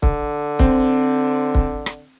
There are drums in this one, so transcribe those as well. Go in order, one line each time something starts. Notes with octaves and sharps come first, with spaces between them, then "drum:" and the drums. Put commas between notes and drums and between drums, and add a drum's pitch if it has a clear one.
D3, drum: kick
C4, drum: kick
drum: kick
drum: rim click